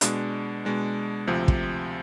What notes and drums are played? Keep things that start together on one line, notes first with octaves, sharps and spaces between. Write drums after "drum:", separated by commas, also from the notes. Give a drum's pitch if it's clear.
B2 G#3 D4, drum: hi-hat
B2 G#3 D4
D2 C3 F3
drum: kick